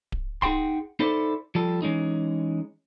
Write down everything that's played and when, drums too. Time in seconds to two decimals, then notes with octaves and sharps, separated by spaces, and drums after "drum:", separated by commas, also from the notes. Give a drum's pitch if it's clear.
0.12 drum: kick D1
0.42 D#4 G#4 F#5 G5 C6, drum: kick D1
1.00 D#4 E4 A4 C5 D5
1.55 F3 G3 A4
1.82 E3 G#3 C#4 D#4